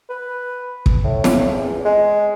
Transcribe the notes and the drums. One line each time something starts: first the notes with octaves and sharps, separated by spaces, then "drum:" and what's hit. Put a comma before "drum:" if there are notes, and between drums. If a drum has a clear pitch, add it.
B4
drum: kick
A2
drum: snare
E2
G#3